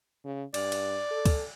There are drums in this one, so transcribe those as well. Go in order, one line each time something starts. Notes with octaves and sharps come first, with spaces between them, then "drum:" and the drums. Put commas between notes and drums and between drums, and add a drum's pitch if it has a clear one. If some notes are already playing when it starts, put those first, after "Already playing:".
C#3
G2 D5, drum: cymbal
drum: cymbal
A4
drum: kick, cymbal